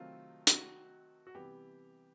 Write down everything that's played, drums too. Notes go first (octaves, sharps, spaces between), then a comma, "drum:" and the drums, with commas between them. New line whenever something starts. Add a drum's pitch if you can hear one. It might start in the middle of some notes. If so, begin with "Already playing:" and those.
Already playing: C3 D#3 F#3 A3 C4 F4
G4, drum: hi-hat
F#4
F#4
C3 E3 G3 B3 G4